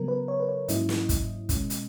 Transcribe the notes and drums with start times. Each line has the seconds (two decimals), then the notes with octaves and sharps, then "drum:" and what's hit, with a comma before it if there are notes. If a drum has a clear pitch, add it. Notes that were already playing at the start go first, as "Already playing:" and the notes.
Already playing: C#3 F#3 B3 A#4
0.08 B4
0.28 C#5
0.40 B4
0.49 C#5
0.68 G#2 F#3 A#3 C#4 E4 D#5, drum: hi-hat
0.89 drum: snare
1.09 drum: kick, hi-hat
1.49 B2 G#3 C#4, drum: kick, hi-hat
1.70 drum: hi-hat